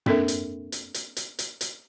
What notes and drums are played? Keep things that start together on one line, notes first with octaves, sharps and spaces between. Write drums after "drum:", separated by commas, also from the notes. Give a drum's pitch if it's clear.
A#3 C4 D4 A4 A#4 E5, drum: tom
drum: hi-hat
drum: hi-hat
drum: hi-hat
drum: hi-hat
drum: hi-hat
drum: hi-hat